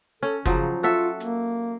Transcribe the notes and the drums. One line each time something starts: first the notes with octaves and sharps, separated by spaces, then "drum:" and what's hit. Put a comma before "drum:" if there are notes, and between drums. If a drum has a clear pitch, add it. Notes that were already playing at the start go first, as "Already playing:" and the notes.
C#4 A4
C#3 F3 F#3 D#4, drum: kick, hi-hat
F4 F#4 A4 E5
A#3, drum: hi-hat